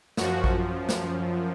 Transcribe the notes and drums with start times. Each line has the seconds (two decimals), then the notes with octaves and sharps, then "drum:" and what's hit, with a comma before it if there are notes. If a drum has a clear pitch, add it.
0.17 F#2 F3 F#4, drum: snare
0.44 drum: kick A1
0.89 drum: snare